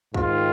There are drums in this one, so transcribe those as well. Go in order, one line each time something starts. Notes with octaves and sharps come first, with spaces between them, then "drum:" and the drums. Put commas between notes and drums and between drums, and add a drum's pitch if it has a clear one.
G#2 D#3 F4, drum: kick C2